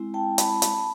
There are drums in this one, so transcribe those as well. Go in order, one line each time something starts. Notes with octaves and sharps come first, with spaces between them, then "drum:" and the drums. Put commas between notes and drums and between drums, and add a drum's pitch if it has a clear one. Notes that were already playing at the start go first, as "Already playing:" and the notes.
Already playing: G#3 C4 E4
G5 A5
A5 B5, drum: hi-hat
drum: hi-hat